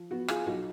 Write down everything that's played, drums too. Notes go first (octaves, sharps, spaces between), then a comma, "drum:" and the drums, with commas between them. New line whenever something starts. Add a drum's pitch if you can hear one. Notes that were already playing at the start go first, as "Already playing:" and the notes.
Already playing: F3
B3 F#4
F4 G#4, drum: rim click
B1 F#4